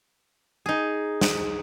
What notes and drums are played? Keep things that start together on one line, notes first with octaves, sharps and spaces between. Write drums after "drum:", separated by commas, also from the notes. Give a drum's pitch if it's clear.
D#4 G#4
drum: snare